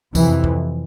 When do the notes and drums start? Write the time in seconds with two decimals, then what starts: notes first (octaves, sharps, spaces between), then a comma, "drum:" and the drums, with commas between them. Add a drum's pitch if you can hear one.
0.15 F2 C3 E3, drum: kick, tambourine
0.44 drum: kick